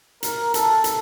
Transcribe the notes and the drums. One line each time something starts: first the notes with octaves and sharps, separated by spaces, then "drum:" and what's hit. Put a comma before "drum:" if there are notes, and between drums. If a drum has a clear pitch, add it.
A#4, drum: hi-hat
A4, drum: hi-hat
drum: hi-hat